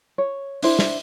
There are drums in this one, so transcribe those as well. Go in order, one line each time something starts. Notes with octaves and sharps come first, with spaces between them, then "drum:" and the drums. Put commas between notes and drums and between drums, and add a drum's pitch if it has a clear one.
C#5
D4 E4 C5, drum: open hi-hat
drum: snare